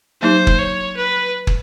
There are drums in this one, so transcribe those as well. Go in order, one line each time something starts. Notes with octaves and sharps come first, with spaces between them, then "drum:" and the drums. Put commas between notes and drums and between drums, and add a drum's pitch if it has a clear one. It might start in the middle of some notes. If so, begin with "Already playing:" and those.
F#3 A#3 D#4 G4 C5
drum: kick
C#5
B4
drum: kick